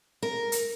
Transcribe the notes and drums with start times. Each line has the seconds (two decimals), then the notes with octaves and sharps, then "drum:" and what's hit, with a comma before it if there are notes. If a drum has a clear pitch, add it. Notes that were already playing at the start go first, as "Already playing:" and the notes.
0.23 A#4
0.52 drum: hi-hat